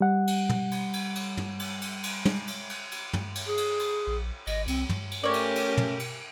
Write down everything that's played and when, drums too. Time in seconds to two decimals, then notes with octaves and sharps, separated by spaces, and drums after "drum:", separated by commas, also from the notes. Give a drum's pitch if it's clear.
0.01 G3 F#5
0.27 drum: cymbal
0.49 drum: tom
0.71 drum: cymbal
0.93 drum: cymbal
1.15 drum: cymbal
1.37 drum: tom
1.59 drum: cymbal
1.81 drum: cymbal
2.03 drum: cymbal
2.25 drum: tom
2.47 drum: cymbal
2.69 drum: cymbal
2.91 drum: cymbal
3.13 drum: tom
3.35 drum: cymbal
3.46 G#4
3.57 drum: cymbal
3.79 drum: cymbal
4.07 A#1
4.47 G#1 D#5, drum: cymbal
4.67 C2 C4, drum: cymbal
4.89 drum: tom
5.11 drum: cymbal
5.24 A3 C#4 G4 A#4 C#5 D5
5.33 drum: cymbal
5.55 drum: cymbal
5.77 drum: tom
5.99 drum: cymbal